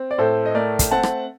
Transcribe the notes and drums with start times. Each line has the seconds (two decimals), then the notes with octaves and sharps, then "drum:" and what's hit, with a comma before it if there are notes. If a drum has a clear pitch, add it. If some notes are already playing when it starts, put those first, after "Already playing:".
Already playing: C4
0.11 D5
0.18 A2 A4 C5
0.46 D#5
0.55 A3 A#4 D5
0.79 drum: kick, hi-hat
0.91 C4 F#5 A5
1.03 drum: rim click